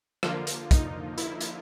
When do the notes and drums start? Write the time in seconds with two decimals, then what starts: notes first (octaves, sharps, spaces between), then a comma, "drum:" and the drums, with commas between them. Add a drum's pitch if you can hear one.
0.23 D3 F3 A#3 F4, drum: rim click
0.47 drum: hi-hat
0.71 D#4, drum: kick, hi-hat
1.18 E4, drum: hi-hat
1.41 drum: hi-hat